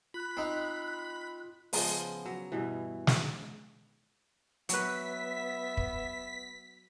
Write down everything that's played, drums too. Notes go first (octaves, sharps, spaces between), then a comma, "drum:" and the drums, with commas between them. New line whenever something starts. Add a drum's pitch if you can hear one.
F4 B5 F#6
C4 D#4
C#3 F3 G#3 B3, drum: open hi-hat
F#3
G2 B2 E3
drum: snare
F#3 B3 B4 E5 B6, drum: hi-hat
drum: kick